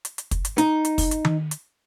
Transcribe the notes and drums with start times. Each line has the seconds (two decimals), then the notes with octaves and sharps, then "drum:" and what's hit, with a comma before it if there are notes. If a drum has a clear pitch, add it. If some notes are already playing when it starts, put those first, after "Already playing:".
0.05 drum: hi-hat
0.18 drum: hi-hat
0.31 drum: kick, hi-hat
0.45 drum: hi-hat
0.58 D#4, drum: hi-hat
0.85 drum: hi-hat
0.98 drum: kick, open hi-hat
1.11 drum: hi-hat
1.25 drum: tom D#3
1.51 drum: hi-hat